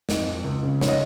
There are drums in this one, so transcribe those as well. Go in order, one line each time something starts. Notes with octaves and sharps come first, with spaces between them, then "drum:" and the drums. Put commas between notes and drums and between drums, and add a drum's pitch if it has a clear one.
F2 D#5, drum: snare
F2
C#2
C#3
C#5, drum: snare
D#5